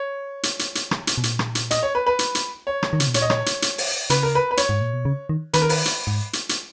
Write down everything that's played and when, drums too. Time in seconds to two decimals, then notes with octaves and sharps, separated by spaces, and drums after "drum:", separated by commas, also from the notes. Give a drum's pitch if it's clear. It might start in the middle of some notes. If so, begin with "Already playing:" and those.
Already playing: C#5
0.43 drum: hi-hat
0.59 drum: hi-hat
0.75 drum: hi-hat
0.91 drum: rim click
1.07 drum: hi-hat
1.18 B2
1.23 A#2, drum: hi-hat
1.39 drum: rim click
1.55 drum: hi-hat
1.71 D#5, drum: hi-hat
1.83 C#5
1.95 B4
2.06 B4
2.19 drum: hi-hat
2.35 drum: hi-hat
2.67 C#5
2.83 drum: rim click
2.93 D#3
3.00 C#3, drum: hi-hat
3.08 B2
3.14 A#2 C#5, drum: hi-hat
3.22 D#5
3.30 C#5, drum: rim click
3.46 drum: hi-hat
3.62 drum: hi-hat
3.78 drum: open hi-hat
4.10 C#3 B4, drum: hi-hat
4.23 A#4
4.35 B4
4.51 B4
4.57 C#5, drum: hi-hat
4.69 G#2
4.81 A#2
4.94 B2
5.05 C#3
5.29 D#3
5.53 D#3 B4, drum: hi-hat
5.62 A#4
5.69 B4, drum: open hi-hat
5.85 drum: hi-hat
6.07 G#2
6.33 drum: hi-hat
6.49 drum: hi-hat